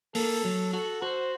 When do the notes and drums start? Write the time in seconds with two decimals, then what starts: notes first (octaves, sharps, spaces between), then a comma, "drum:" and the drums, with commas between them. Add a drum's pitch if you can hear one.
0.15 A#3 A4, drum: open hi-hat
0.45 F#3
0.73 F#4 A4
1.02 F#4 C5